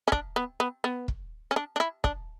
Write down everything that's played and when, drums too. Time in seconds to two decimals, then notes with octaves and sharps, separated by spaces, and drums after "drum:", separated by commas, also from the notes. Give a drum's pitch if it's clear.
0.08 C#4
0.12 D4, drum: kick
0.36 B3
0.60 B3
0.84 B3
1.08 drum: kick
1.51 C#4
1.56 D4
1.76 D4
1.80 E4
2.04 D4, drum: kick